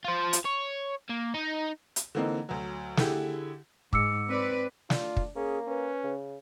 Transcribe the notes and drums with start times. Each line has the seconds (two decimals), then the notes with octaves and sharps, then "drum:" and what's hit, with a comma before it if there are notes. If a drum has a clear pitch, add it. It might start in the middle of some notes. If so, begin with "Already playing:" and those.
0.05 F4 C5
0.33 drum: hi-hat
0.45 C#5
1.10 A#3
1.34 D#4
1.96 drum: hi-hat
2.15 D3 E3 A#3 C4 D#4
2.49 D2 F#3
2.97 D3 E4 G4 G#4, drum: snare
3.93 G#2 D6 E6 C#7, drum: kick
4.28 C4 B4 D5
4.90 D4 F4, drum: snare
5.17 drum: kick
5.36 A#3 C#4 G#4
5.68 C#4 B4
6.04 C#3